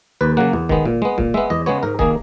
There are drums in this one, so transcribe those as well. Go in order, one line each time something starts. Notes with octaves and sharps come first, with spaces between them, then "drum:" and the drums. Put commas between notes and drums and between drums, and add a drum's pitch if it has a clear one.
D#2 B4
C#3 F#3 A#3 F#5
E2
D#3 G#3 B3, drum: kick C#1
A#2
G#3 B3
A#2, drum: kick C#1
G#3 B3 E5
E2 D#5
C#3 G#3 B3 C#5
G#2 A#4
D#3 A#3 G#4, drum: kick C#1